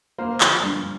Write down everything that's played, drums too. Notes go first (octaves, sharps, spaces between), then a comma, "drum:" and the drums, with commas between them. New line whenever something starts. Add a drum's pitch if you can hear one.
A#3 C5
F3, drum: clap
G2